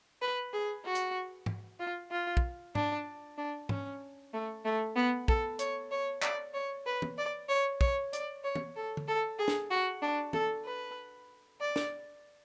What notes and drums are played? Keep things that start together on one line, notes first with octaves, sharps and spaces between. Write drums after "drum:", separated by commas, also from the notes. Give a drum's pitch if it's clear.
B4
G#4
F#4
drum: hi-hat
drum: tom G#2
F4
F4
drum: kick
D4, drum: tom G#2
D4
C#4, drum: tom G#2
A3
A3
B3
A4, drum: kick
C#5, drum: hi-hat
C#5
D5, drum: clap
C#5
B4
drum: tom
D5
C#5
C#5, drum: kick
D5, drum: hi-hat
C#5
drum: tom
A4
drum: tom
A4
G#4
drum: snare
F#4
D4
A4, drum: tom
B4
D5
drum: snare